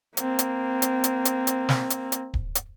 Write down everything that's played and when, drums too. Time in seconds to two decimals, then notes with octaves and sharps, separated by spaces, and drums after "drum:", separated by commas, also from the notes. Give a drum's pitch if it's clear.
0.17 A#3 C4, drum: hi-hat
0.39 drum: hi-hat
0.82 drum: hi-hat
1.04 drum: hi-hat
1.25 drum: hi-hat
1.47 drum: hi-hat
1.69 drum: snare
1.90 drum: hi-hat
2.12 drum: hi-hat
2.34 drum: kick D1
2.55 drum: hi-hat